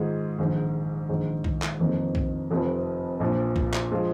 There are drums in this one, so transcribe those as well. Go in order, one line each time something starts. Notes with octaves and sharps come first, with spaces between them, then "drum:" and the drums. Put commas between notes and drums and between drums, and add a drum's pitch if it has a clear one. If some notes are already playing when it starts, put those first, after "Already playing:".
Already playing: G#2 D#3 G#3 F4 G#4
A#1 G#2 D#3
A#1 G#2 D#3 G#3
drum: kick B1
drum: clap
F1 F2 D#3 A#3
drum: kick B1
F1 F2 C3 F3
A#1 A#2 F3
drum: kick B1
drum: clap
F3 G#3 F4